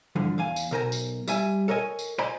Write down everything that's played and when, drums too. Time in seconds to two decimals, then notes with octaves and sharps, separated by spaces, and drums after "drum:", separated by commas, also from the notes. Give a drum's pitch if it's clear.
0.16 G2 D3 E3 F3
0.38 E2 F5 G#5
0.56 drum: tambourine
0.71 B1 B2 A#4 C5 G#5 A#5
0.92 drum: tambourine
1.28 G3 E5 G#5, drum: tambourine
1.68 A4 A#4 C#5 D#5 G#5
1.99 drum: tambourine
2.18 C5 D5 D#5 G#5 A#5 B5